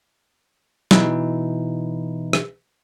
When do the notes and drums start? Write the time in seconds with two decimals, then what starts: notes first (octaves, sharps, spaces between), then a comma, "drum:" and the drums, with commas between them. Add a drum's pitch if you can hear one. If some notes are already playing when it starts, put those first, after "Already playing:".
0.91 B2 E3 D#4 E4, drum: snare
2.33 drum: rim click